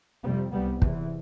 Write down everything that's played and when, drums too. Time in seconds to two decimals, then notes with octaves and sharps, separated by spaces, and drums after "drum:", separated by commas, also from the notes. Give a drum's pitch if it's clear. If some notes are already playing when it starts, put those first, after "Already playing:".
0.24 F2 C3 G3 B3
0.53 C2 C3 G3 B3
0.82 E2 C3 E3, drum: kick